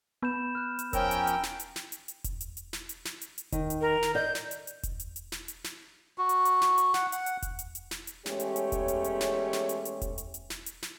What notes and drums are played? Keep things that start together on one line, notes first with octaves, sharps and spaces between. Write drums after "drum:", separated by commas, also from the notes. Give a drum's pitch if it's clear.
B3 B5 G6 E7
F6 F#6
drum: hi-hat
F3 C#4 A#4 G5 E6, drum: kick E1, hi-hat
drum: hi-hat
drum: hi-hat
drum: snare
drum: hi-hat
drum: snare
drum: hi-hat
drum: hi-hat
drum: kick E1, hi-hat
drum: hi-hat
drum: hi-hat
drum: snare
drum: hi-hat
drum: snare
drum: hi-hat
drum: hi-hat
D#3, drum: kick E1, hi-hat
drum: hi-hat
A#4
drum: snare
D5 D#5 G6
drum: snare
drum: hi-hat
drum: hi-hat
drum: kick E1, hi-hat
drum: hi-hat
drum: hi-hat
drum: snare
drum: hi-hat
drum: snare
F#4
drum: hi-hat
drum: hi-hat
drum: snare
drum: hi-hat
F#5, drum: snare
F#5, drum: hi-hat
drum: hi-hat
drum: kick E1, hi-hat
drum: hi-hat
drum: hi-hat
drum: snare
drum: hi-hat
E2 G#3 A3 C#4 G4 C#5, drum: snare
drum: hi-hat
drum: hi-hat
drum: kick E1, hi-hat
drum: hi-hat
drum: hi-hat
drum: snare
drum: snare
drum: hi-hat
drum: hi-hat
drum: kick E1, hi-hat
drum: hi-hat
drum: hi-hat
drum: snare
drum: hi-hat
drum: snare